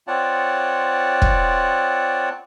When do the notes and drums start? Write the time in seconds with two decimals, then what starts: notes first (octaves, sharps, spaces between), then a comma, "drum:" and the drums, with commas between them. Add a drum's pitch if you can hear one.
0.08 C4 F4 C#5 D5 F#5 A5
1.22 drum: kick